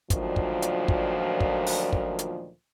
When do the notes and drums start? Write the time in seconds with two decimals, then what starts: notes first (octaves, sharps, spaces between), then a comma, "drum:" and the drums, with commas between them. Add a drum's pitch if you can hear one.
0.10 D2 A#2 D#3 F3 F#3, drum: kick, hi-hat
0.36 drum: kick
0.62 drum: hi-hat
0.88 drum: kick
1.40 drum: kick
1.66 drum: open hi-hat
1.93 drum: kick
2.19 drum: hi-hat